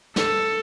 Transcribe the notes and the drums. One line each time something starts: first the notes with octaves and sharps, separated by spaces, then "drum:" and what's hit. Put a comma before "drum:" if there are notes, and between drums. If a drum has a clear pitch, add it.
A4, drum: snare